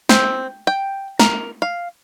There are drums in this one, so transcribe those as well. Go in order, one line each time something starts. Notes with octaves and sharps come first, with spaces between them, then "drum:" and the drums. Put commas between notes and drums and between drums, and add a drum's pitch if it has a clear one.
C4, drum: snare
G5
A#4, drum: snare
F5